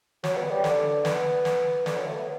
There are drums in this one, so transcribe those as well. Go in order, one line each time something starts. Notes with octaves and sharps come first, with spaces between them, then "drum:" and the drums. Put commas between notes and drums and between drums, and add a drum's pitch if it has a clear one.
F#3, drum: snare
B3
G3
D3, drum: snare
B3, drum: snare
drum: snare
D3, drum: snare
F#3
A3
B3